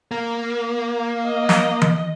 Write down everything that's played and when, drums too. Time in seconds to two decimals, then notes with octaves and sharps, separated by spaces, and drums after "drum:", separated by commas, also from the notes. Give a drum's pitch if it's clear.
0.11 A#3
1.27 D#5
1.49 drum: snare
1.82 drum: tom E3